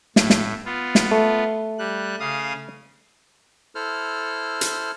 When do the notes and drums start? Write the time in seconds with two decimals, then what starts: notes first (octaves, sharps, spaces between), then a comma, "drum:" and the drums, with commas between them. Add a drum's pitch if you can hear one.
0.16 A2, drum: snare
0.30 drum: snare
0.65 B3 F4
0.95 drum: snare
1.11 A3
1.78 G3 F#6
2.20 C#3 F5 D#6
3.75 E4 A4 C5 F6
4.61 drum: hi-hat